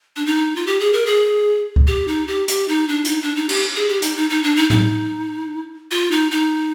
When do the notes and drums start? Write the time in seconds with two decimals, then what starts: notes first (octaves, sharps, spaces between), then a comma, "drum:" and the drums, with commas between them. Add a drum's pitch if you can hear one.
0.16 D4
0.26 D#4
0.56 F4
0.67 G4
0.80 G#4
0.93 A#4
1.06 G#4
1.76 drum: kick C#2
1.87 G4
2.08 D#4
2.27 G4
2.48 G4, drum: hi-hat
2.68 D#4
2.88 D4
3.05 F4, drum: hi-hat
3.08 D#4
3.22 D4
3.36 D#4
3.49 G4, drum: cymbal
3.76 G#4
3.88 G4
4.02 D#4, drum: hi-hat
4.16 D#4
4.30 D#4
4.43 D4
4.56 D#4
4.70 D#4, drum: tom A2
5.91 F4
6.11 D#4
6.31 D#4